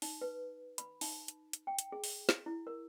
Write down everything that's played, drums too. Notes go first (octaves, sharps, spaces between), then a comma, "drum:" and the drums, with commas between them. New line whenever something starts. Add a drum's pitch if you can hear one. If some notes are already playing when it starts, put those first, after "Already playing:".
D#4, drum: open hi-hat
B4
B5, drum: hi-hat
D#4, drum: open hi-hat
drum: hi-hat
drum: hi-hat
G5
drum: hi-hat
G#4
drum: open hi-hat
drum: snare
E4
A#4